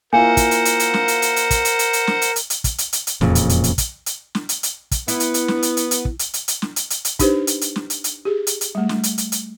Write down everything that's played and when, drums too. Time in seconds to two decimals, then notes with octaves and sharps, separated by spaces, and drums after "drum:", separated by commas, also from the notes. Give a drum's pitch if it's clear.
0.13 A#3 E4 F4 A#4 C5 F#5 G#5
0.37 drum: kick, hi-hat
0.51 drum: hi-hat
0.65 drum: hi-hat
0.79 drum: hi-hat
0.94 drum: snare
1.08 drum: hi-hat
1.22 drum: hi-hat
1.36 drum: hi-hat
1.51 drum: kick, hi-hat
1.65 drum: hi-hat
1.79 drum: hi-hat
1.93 drum: hi-hat
2.07 drum: snare
2.22 drum: hi-hat
2.36 drum: hi-hat
2.50 drum: hi-hat
2.64 drum: kick, hi-hat
2.78 drum: hi-hat
2.93 drum: hi-hat
3.07 drum: hi-hat
3.21 E1 F2 A#2 C#3, drum: snare
3.35 drum: hi-hat
3.49 drum: hi-hat
3.64 drum: hi-hat
3.78 drum: kick, hi-hat
4.06 drum: hi-hat
4.35 drum: snare
4.49 drum: hi-hat
4.63 drum: hi-hat
4.91 drum: kick, hi-hat
5.08 B3 E4, drum: hi-hat
5.20 drum: hi-hat
5.34 drum: hi-hat
5.48 drum: snare
5.63 drum: hi-hat
5.77 drum: hi-hat
5.91 drum: hi-hat
6.05 drum: kick
6.19 drum: hi-hat
6.34 drum: hi-hat
6.48 drum: hi-hat
6.62 drum: snare
6.76 drum: hi-hat
6.90 drum: hi-hat
7.05 drum: hi-hat
7.19 D4 D#4 G4 B4 C5, drum: kick, hi-hat
7.47 drum: hi-hat
7.61 drum: hi-hat
7.76 drum: snare
7.90 drum: hi-hat
8.04 drum: hi-hat
8.25 G4 G#4
8.47 drum: hi-hat
8.61 drum: hi-hat
8.75 G3 A3
8.89 drum: snare
9.03 drum: hi-hat
9.18 drum: hi-hat
9.32 drum: hi-hat